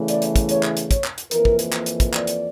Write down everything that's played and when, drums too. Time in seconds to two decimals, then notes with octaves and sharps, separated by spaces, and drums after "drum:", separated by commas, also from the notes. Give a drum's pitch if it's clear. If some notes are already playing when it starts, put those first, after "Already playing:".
Already playing: E2 C#3 E3 A3
0.08 D5, drum: hi-hat
0.22 drum: hi-hat
0.36 drum: kick, hi-hat
0.49 C#5, drum: hi-hat
0.63 drum: clap
0.77 drum: hi-hat
0.91 C#5, drum: kick, hi-hat
1.04 drum: clap
1.18 drum: hi-hat
1.31 F2 E3 A#3 A#4, drum: hi-hat
1.45 drum: kick
1.59 drum: hi-hat
1.73 drum: clap
1.86 drum: hi-hat
2.00 drum: kick, hi-hat
2.14 D5, drum: clap
2.27 drum: hi-hat